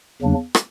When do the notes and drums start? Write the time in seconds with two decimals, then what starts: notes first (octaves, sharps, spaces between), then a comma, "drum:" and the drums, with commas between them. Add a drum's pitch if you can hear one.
0.22 E2 C#3 F#3 A#3 D4
0.55 drum: rim click